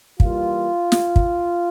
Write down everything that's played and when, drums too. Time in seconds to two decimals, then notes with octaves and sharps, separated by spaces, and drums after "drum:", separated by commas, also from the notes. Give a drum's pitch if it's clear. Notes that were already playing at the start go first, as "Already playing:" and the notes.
0.20 E3 G3 A#3 F4, drum: kick
0.92 drum: snare
1.16 drum: kick